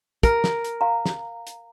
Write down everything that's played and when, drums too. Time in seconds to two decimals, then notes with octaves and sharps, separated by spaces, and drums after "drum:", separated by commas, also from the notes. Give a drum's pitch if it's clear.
0.23 A#4, drum: kick, hi-hat
0.44 drum: snare
0.64 drum: hi-hat
0.81 F5 A#5
1.06 drum: snare
1.47 drum: hi-hat